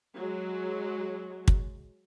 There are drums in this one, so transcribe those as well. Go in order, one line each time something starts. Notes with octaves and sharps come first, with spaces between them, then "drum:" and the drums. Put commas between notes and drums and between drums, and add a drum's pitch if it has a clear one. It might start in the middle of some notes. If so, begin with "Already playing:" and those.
F#3 G#3
drum: kick